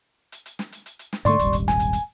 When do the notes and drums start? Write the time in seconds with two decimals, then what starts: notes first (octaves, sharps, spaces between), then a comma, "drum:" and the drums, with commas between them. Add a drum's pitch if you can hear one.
0.32 drum: hi-hat
0.46 drum: hi-hat
0.59 drum: snare
0.72 drum: hi-hat
0.86 drum: hi-hat
0.99 drum: hi-hat
1.13 drum: snare
1.25 G#2 D3 A3 D5 C6 C#6, drum: hi-hat
1.39 D#1 G#1 G3, drum: hi-hat
1.53 drum: hi-hat
1.68 G#5, drum: snare
1.80 drum: hi-hat
1.93 drum: hi-hat